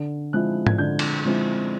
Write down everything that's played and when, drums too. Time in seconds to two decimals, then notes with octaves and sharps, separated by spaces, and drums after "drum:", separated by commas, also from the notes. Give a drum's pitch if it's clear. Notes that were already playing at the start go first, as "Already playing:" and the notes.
Already playing: D3
0.33 F3 G#3 C4 E4 F#6
0.67 G#6, drum: tom G#2
0.78 D3 G6
0.99 drum: cymbal
1.25 F3 G#3 C4 E4